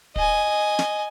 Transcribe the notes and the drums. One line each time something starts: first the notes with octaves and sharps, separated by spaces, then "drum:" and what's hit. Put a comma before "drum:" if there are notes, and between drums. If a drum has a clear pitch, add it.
D#5 G#5, drum: kick
drum: snare